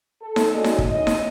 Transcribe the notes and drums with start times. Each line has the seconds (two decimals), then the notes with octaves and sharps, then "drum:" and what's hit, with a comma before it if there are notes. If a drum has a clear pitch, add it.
0.22 A4
0.36 drum: snare D#4
0.54 G#3 C#4 F#4 D5 D#5
0.64 drum: snare D#4
0.79 drum: kick
0.91 C#4 D#4 E4 D#5
1.07 drum: snare D#4